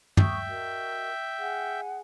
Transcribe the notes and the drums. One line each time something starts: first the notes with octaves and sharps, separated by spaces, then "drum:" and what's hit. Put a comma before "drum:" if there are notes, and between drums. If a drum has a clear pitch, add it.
E5 G5 C#6 D#6, drum: tom
F#4 A#4 D#5
G#4 F#5 G#5